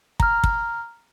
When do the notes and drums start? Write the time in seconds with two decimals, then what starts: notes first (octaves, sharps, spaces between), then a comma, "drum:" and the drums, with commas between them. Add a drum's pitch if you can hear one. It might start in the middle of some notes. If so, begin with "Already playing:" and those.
0.20 A#5 F6, drum: kick
0.44 drum: kick